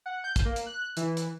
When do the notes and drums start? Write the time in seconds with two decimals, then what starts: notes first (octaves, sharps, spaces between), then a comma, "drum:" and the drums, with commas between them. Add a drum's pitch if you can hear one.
0.06 F#5
0.24 G6
0.36 drum: kick, hi-hat
0.45 A#3
0.56 drum: hi-hat
0.66 F#6
0.97 E3, drum: hi-hat
1.17 drum: hi-hat